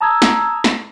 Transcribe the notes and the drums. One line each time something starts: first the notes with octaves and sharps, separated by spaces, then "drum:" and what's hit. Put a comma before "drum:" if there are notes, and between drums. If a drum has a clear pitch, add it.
A5 A#5 D#6 E6 G#6
drum: snare
drum: snare